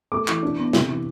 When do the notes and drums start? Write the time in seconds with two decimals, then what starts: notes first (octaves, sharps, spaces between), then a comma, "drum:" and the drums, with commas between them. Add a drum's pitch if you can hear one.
0.12 A3 D6
0.27 E3, drum: clap
0.43 D4
0.58 B3
0.73 C3, drum: snare
0.89 E3